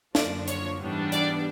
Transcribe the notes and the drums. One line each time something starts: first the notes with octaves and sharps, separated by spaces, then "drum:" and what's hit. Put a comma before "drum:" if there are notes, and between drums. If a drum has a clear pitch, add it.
F#2 D3 F3 A#3 D4 D5, drum: snare
C#5, drum: hi-hat
G#2 E3 G3 B3 D4
D5, drum: hi-hat